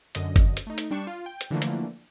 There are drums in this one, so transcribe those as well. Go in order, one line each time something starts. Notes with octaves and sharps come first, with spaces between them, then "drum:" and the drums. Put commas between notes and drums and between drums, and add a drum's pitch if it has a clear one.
F#2 D3 D#5, drum: hi-hat
drum: kick G1, hi-hat
drum: hi-hat
A3 D#4
drum: hi-hat
G3 D4 G5 C#6 E7
F4
G5
drum: hi-hat
D3 E3 F3 A3 A#3
drum: hi-hat